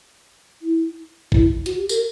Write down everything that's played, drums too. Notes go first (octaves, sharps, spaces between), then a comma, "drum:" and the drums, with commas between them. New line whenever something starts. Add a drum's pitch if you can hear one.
E4
E4, drum: kick A1
F#4, drum: hi-hat
G4
A#4, drum: tambourine